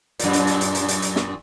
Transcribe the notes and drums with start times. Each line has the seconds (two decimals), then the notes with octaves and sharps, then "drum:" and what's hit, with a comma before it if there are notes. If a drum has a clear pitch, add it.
0.19 F#2 A#2, drum: hi-hat
0.33 drum: hi-hat
0.47 drum: hi-hat
0.61 drum: hi-hat
0.75 drum: hi-hat
0.88 drum: hi-hat
1.02 drum: hi-hat
1.16 drum: snare